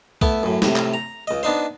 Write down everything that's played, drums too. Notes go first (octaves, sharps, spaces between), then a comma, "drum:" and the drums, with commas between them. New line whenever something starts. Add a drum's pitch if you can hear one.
A3 B3 E4, drum: kick B1
F#2 A2
A2 C3, drum: snare
drum: clap
A#5
C#2 D#5
B3 D4 D#4 C5